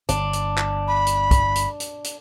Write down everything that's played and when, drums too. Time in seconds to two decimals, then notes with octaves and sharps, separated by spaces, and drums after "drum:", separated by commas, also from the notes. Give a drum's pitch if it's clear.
0.09 G1 D4, drum: hi-hat
0.33 drum: hi-hat
0.58 drum: clap
0.88 B5
1.07 drum: hi-hat
1.31 drum: kick, hi-hat
1.55 drum: hi-hat
1.80 drum: hi-hat
2.04 drum: hi-hat